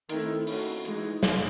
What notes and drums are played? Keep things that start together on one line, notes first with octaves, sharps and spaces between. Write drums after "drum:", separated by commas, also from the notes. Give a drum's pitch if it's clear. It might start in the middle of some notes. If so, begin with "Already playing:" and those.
D#3 A3 C4 E4, drum: hi-hat
A3 C#4 F#4, drum: open hi-hat
E3 G#3 D#4, drum: hi-hat
drum: snare